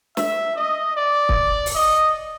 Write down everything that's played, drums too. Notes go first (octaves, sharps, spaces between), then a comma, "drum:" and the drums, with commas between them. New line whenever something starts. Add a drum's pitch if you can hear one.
E5, drum: snare
D#5
D5
drum: kick
drum: open hi-hat
D#5